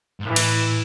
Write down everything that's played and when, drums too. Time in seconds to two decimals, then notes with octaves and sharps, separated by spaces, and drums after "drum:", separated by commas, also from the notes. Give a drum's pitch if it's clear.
0.20 G#2
0.25 A2 E3
0.36 drum: cymbal